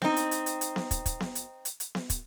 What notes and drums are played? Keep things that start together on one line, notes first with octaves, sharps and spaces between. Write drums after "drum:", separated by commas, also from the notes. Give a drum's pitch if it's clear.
C4 D#4, drum: snare B3
drum: hi-hat
drum: hi-hat
drum: hi-hat
drum: hi-hat
drum: snare B3
drum: kick, hi-hat
drum: kick, hi-hat
drum: snare B3
drum: hi-hat
drum: hi-hat
drum: hi-hat
drum: snare B3
drum: kick, hi-hat